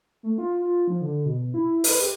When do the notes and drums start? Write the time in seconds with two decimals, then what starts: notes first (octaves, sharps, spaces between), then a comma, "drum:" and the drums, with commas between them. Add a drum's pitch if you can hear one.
0.23 A3
0.38 F4
0.62 F4
0.88 F3
1.01 D3
1.25 B2
1.54 E4
1.84 B4, drum: open hi-hat
2.01 G4